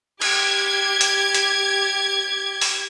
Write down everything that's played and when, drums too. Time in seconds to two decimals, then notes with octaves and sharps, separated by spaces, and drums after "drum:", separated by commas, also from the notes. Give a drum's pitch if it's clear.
0.21 G4 G#6, drum: cymbal
1.01 drum: hi-hat
1.34 drum: hi-hat
2.61 drum: open hi-hat